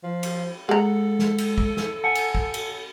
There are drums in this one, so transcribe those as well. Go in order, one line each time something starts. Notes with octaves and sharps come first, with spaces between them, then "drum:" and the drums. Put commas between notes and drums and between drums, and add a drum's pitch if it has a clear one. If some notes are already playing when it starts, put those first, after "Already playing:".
F3
drum: cymbal
G#3 G#4 A4 F#5 A#5
drum: snare
drum: cymbal
drum: kick
drum: snare
F#5 G#5 A5
drum: cymbal
drum: kick
drum: cymbal